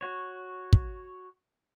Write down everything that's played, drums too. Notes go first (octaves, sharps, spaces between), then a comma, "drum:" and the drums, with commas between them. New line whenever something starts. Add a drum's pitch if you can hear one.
F#4 C#5
drum: kick